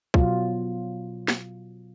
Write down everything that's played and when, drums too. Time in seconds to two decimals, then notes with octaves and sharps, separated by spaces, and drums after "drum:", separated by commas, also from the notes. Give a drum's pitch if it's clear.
0.14 B2 F#3 F4, drum: kick
1.28 drum: snare